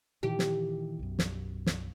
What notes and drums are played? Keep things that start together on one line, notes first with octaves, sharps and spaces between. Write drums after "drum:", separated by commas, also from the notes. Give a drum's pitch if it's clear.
A#2 D#3 E3 G4
drum: snare
B1 F#2
drum: snare
drum: snare